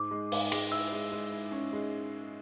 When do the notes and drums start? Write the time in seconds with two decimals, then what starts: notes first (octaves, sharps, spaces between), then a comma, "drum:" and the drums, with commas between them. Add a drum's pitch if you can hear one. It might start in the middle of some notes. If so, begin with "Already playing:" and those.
Already playing: G#2 D6
0.11 G#3
0.32 G#2, drum: open hi-hat
0.52 G#3, drum: cymbal
0.72 E4 E6
0.92 G#3
1.12 G#3
1.32 E4
1.52 C#4
1.73 G#3